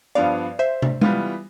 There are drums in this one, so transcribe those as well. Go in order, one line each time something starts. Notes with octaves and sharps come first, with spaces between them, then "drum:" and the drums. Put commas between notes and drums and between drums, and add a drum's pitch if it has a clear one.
G2 F3 B3 D4 D5 F5
C5 E5
drum: tom
E3 G3 B3 F4, drum: tom G#3